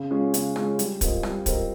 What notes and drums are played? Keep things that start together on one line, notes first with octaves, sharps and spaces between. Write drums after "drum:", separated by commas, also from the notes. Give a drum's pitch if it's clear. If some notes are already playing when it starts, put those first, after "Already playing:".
Already playing: C#3
G#3 C#4 F4
C#3, drum: hi-hat
G#3 C#4 F4, drum: rim click
G3, drum: hi-hat
C4 F4 A#4 D#5, drum: kick, hi-hat
G3, drum: rim click
C4 F4 A#4 D#5, drum: kick, hi-hat